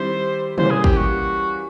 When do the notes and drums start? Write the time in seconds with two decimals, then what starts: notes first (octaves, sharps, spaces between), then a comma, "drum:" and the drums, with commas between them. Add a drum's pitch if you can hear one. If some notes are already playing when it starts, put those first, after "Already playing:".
Already playing: D#3 G3 C4 E4 G4 C5
0.58 E3 G3 A#3 C#4 C5, drum: tom
0.71 G#4
0.84 G4, drum: kick
0.97 F#4